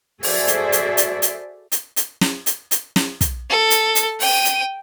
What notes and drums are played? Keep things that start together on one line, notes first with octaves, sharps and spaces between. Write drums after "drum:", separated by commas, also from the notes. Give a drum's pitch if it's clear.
F#4 G#4 A4 C5 D5 E5, drum: open hi-hat
drum: hi-hat
drum: hi-hat
drum: hi-hat
drum: hi-hat
drum: hi-hat
drum: hi-hat
drum: snare
drum: hi-hat
drum: hi-hat
drum: snare
drum: kick, hi-hat
A4
drum: hi-hat
drum: hi-hat
G5 D#7, drum: open hi-hat
drum: hi-hat